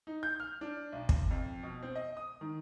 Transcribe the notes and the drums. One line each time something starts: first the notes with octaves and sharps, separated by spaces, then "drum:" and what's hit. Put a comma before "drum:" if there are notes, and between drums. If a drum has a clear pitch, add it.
D#4
G6
F6
D4
B1
drum: kick
F2
B2
C4
D#5
D#6
D#3